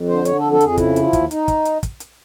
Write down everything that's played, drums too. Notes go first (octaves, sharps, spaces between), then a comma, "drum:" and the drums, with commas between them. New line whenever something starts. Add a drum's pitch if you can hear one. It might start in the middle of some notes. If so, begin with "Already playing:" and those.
Already playing: F2
D3 C5
D3 C#5, drum: hi-hat
F2 A4
A4
F2 G#4, drum: hi-hat
C#3 E4, drum: kick, hi-hat
F3, drum: hi-hat
D#2, drum: kick, hi-hat
D#4, drum: hi-hat
drum: kick, hi-hat
drum: hi-hat
drum: kick, hi-hat
drum: hi-hat